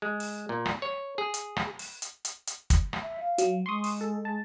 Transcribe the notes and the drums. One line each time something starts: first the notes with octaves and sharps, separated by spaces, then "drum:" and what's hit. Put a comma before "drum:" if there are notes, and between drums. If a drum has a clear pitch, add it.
G#3
drum: open hi-hat
A#2
drum: rim click
C#5
G#4
drum: hi-hat
drum: rim click
drum: open hi-hat
drum: hi-hat
drum: hi-hat
drum: hi-hat
drum: kick, hi-hat
drum: rim click
E5
F5
F#3, drum: hi-hat
G#3 C6 C#6 D#6
drum: open hi-hat
A4
A5